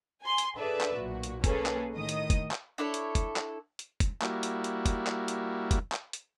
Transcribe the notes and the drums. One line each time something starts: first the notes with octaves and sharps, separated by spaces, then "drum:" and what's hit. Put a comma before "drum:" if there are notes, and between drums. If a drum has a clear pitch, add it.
G#5 C6
drum: hi-hat
D4 G#4 A4 B4 D5 E5
drum: clap
B1 A#2 F#4
drum: hi-hat
A#3 C#4 G#4 A4 B4, drum: kick F1, hi-hat
drum: clap
A2 D#3 D#5 D#6
drum: hi-hat
drum: kick F1, hi-hat
drum: clap
D4 E4 A4 C#5
drum: hi-hat
drum: kick F1, hi-hat
drum: clap
drum: hi-hat
drum: kick F1, hi-hat
G3 A#3 E4 F#4, drum: clap
drum: hi-hat
drum: hi-hat
drum: kick F1, hi-hat
drum: clap
drum: hi-hat
drum: kick F1, hi-hat
drum: clap
drum: hi-hat